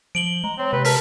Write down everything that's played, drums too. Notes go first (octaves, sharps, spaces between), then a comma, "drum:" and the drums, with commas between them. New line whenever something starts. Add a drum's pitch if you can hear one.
F3 D7 F#7 G7
G#3 A#5
C4 C#5
C3 B4
A#4 A5 B6, drum: open hi-hat